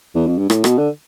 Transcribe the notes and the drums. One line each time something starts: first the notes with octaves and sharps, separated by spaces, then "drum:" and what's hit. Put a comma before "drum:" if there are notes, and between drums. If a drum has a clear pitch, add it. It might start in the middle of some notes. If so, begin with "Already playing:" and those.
E2
F2
G2
A2, drum: rim click
B2, drum: rim click
D3